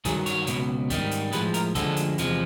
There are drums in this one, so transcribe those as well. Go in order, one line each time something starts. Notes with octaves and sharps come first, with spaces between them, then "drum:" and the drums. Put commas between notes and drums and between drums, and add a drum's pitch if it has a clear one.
G2 D#3 F#3 G#4, drum: kick, hi-hat
C#5, drum: hi-hat
C#2 B2 F#3, drum: hi-hat
G#2 D#3 G3, drum: kick, hi-hat
drum: hi-hat
A2 F3 G#3 B4, drum: hi-hat
A#4, drum: hi-hat
D2 D3 F3 G#3 A4, drum: kick, hi-hat
drum: hi-hat
E2 C3 F3 G#3, drum: hi-hat